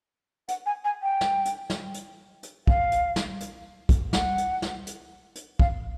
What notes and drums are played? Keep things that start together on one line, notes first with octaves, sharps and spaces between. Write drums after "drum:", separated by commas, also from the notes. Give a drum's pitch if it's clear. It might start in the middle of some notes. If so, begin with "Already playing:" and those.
F#5, drum: hi-hat
G#5
G#5
G5
drum: snare
drum: hi-hat
drum: snare
drum: hi-hat
drum: hi-hat
F5, drum: kick
drum: hi-hat
drum: snare
drum: hi-hat
drum: kick, hi-hat
F#5, drum: snare
drum: hi-hat
drum: snare
drum: hi-hat
drum: hi-hat
F5, drum: kick